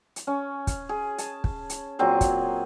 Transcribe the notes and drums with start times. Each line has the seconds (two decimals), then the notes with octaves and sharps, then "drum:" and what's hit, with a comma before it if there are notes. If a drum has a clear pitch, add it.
0.16 drum: hi-hat
0.27 C#4
0.67 drum: kick, hi-hat
0.89 G#4
1.18 A5, drum: hi-hat
1.44 drum: kick
1.70 drum: hi-hat
1.99 A#2 F#3 C4 G#4
2.21 drum: kick, hi-hat